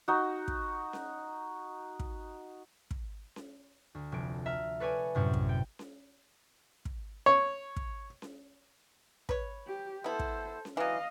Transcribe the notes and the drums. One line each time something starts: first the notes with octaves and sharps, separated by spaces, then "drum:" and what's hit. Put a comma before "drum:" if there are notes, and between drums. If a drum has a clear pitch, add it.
D#4 F#4
drum: kick
drum: snare C#4
drum: kick
drum: kick
drum: snare C#4
D2
F1 D7
E5 A#5 F6
A4 B4 C#5 D5 G#5
F#2 A2 C3
drum: kick
G5
drum: snare C#4
drum: kick
C#5
drum: kick
drum: snare C#4
B4 C#5, drum: kick
G4
B3 E4 A4 C5
drum: kick
drum: snare C#4
E3 F#3 D#5 F5